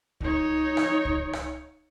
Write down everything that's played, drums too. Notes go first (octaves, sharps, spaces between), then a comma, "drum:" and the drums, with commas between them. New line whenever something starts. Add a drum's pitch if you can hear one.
D#4 C#5, drum: kick C#2
drum: rim click
drum: kick C#2
drum: rim click